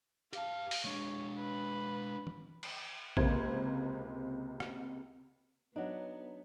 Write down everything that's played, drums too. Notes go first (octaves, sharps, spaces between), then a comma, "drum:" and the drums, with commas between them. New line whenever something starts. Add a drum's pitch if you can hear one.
G4 F5 A5, drum: hi-hat
drum: open hi-hat
G#3 D4 C#5
B4
drum: tom
drum: cymbal
C#2 C3 A#3 C5 G#6, drum: kick A1
drum: rim click
F#3 B3 D4 D#4